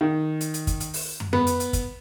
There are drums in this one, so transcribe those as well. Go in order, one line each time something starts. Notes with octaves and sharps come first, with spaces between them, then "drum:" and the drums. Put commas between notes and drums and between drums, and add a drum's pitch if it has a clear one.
D#3
drum: hi-hat
drum: hi-hat
drum: kick, hi-hat
drum: hi-hat
drum: open hi-hat
drum: tom
B3, drum: tom
drum: hi-hat
drum: hi-hat
drum: kick, hi-hat